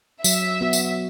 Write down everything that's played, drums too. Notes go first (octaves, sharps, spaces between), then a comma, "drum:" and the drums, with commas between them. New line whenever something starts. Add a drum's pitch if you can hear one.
F#3 E5, drum: tambourine
B3 F#4
drum: tambourine